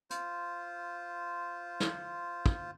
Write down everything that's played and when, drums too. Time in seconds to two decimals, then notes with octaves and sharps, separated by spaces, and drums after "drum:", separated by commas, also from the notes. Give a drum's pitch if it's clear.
0.10 F4 C5, drum: hi-hat
1.80 drum: snare
2.46 drum: kick